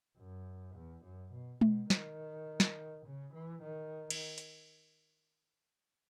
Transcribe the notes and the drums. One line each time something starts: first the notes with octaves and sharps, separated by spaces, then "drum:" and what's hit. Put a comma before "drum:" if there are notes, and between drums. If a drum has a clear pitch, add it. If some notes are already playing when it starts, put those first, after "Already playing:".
F#2
E2
F#2
B2
B2, drum: tom G#3
D#3, drum: snare
drum: snare
C#3
E3
D#3
drum: cymbal
drum: hi-hat